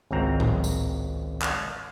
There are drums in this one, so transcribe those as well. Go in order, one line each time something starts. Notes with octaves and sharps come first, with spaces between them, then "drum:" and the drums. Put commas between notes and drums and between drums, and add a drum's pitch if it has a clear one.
G#1 C#2 C4 A#5
drum: tom A2
drum: tambourine
drum: clap